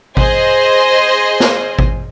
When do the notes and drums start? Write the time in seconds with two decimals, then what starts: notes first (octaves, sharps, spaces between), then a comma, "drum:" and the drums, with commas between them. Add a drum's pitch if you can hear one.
0.17 G#4 C5 D#5 C6, drum: kick G#1
1.40 drum: snare
1.79 drum: kick G#1